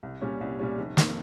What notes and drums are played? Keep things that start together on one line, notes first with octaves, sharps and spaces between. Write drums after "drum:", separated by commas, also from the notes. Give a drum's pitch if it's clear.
C2
A#2 G3 C#4
C2
A#2 G3 C#4
F1
F2 D#3 A#3, drum: snare